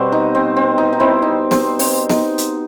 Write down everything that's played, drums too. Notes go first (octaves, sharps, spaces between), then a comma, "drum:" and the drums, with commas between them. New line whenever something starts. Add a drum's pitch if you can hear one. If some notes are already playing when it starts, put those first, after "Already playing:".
Already playing: B2 G3 B3 C4 F#4
D#4
C4
C4
D#4
D#4
C4 E4
D#4
C4, drum: snare
C4, drum: open hi-hat
D#4, drum: snare
drum: hi-hat